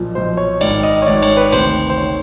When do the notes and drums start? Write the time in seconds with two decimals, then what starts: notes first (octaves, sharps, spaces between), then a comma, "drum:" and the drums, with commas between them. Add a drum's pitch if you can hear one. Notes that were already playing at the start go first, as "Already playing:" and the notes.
Already playing: B1 A#2 F3
0.15 B1 A#2 F3 C5
0.37 C#5
0.61 G#1 G#2 D#3 D5, drum: cymbal
0.83 D#5
1.02 C#5
1.06 G#1 G#2 D#3 D5
1.22 C#5, drum: cymbal
1.37 B4
1.48 B4
1.52 D2 C3 D#3 C5, drum: cymbal
1.90 C5
1.98 C3 D#3 C#5